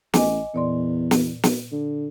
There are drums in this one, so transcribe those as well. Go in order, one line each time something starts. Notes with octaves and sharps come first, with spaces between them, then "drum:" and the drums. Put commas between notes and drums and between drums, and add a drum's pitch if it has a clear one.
A1 D#5 G#5 D6, drum: snare
E2 A#2 D5 C6
drum: snare
drum: snare
D3